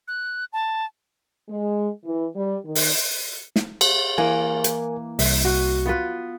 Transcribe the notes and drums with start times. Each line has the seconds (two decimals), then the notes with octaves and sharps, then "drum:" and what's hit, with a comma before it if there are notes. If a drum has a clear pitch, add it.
0.08 F#6
0.53 A5
1.49 G#3
2.04 E3
2.34 G3
2.64 D#3
2.75 drum: open hi-hat
3.56 drum: snare
3.81 drum: cymbal
4.18 E3 A#3 A#4 G#5
4.64 drum: hi-hat
5.19 C2 E5, drum: open hi-hat
5.45 F#4
5.86 B3 F4 B4